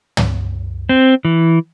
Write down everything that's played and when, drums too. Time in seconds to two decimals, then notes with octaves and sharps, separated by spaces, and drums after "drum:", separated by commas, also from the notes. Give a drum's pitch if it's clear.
0.17 drum: tom
0.89 C4
1.25 E3